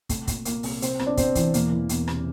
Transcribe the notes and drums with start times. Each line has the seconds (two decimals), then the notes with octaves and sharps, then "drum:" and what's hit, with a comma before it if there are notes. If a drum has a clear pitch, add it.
0.09 C2 A3, drum: kick, hi-hat
0.27 A#2, drum: kick, hi-hat
0.45 A#2 A#3, drum: hi-hat
0.63 C2, drum: open hi-hat
0.82 C2 C4, drum: hi-hat
0.99 C2, drum: rim click
1.07 D4
1.17 C3 C4, drum: kick, hi-hat
1.35 E3, drum: kick, hi-hat
1.54 E1 A#3, drum: hi-hat
1.71 E3
1.89 E2, drum: hi-hat
2.08 C3, drum: rim click